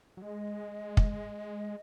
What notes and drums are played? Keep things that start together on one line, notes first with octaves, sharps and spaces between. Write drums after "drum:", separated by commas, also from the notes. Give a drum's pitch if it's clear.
F#3
G#3 D#5
drum: kick